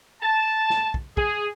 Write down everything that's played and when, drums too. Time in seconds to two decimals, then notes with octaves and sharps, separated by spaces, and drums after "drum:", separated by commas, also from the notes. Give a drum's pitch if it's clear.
0.22 A5
0.70 drum: snare
0.94 drum: kick
1.17 G#4, drum: kick